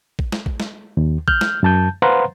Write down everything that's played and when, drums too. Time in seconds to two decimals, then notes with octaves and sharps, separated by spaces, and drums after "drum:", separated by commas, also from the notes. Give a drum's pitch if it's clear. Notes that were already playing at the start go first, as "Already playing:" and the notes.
0.19 drum: kick A1
0.32 drum: snare
0.46 drum: kick A1
0.60 drum: snare
0.97 D#2
1.28 F6 G6, drum: kick A1
1.41 drum: snare
1.63 F#2 A5 G6
2.02 B4 C5 F5 F#5 A#5 C6